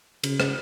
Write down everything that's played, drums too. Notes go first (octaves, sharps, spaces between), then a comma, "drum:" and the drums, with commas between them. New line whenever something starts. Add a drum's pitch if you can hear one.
C#3, drum: cymbal
drum: rim click